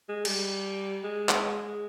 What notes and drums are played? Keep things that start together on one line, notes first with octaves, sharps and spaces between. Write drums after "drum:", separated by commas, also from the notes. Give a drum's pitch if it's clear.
G#3
G3, drum: cymbal
G#3
drum: clap
G#3